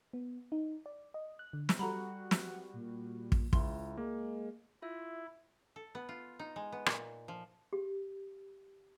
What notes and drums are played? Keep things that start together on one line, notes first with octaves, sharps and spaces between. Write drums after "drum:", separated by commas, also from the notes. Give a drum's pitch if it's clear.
B3
D#4
D5
D#5
F#6
D3
drum: snare
G3 F#4 A4 F#5 A#5 B5
drum: snare
A#2
drum: kick
C#2 E4 C6, drum: kick
G#3 A#3
E4 F4 E5
A4
B3
F4
D#4
G#3
B3
A#2, drum: rim click
F3
G4